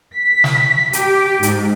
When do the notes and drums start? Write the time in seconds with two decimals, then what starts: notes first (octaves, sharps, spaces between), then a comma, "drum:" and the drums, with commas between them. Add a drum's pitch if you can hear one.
0.14 B6
0.44 drum: snare
0.93 G4, drum: hi-hat
1.43 G#2, drum: hi-hat